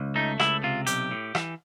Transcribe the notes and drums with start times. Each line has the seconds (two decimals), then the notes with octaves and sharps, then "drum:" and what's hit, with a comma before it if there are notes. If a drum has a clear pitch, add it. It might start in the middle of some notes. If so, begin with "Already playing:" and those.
Already playing: C#2
0.16 A3 D#4
0.40 C#2 E4, drum: rim click
0.63 C3 F4
0.87 B1 G4, drum: hi-hat
1.11 A2
1.35 E3, drum: rim click